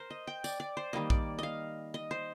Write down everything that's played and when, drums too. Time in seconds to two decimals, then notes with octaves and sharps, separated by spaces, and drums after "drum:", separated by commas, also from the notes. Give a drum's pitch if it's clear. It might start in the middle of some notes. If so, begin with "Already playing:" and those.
Already playing: A#4 C5
0.10 D#5
0.27 G5
0.44 D5, drum: tambourine
0.60 D5
0.77 C5
0.93 D#3 G3 A#3 D#5
1.10 D5, drum: kick A#1
1.39 D#5 F5
1.94 D#5
2.11 C5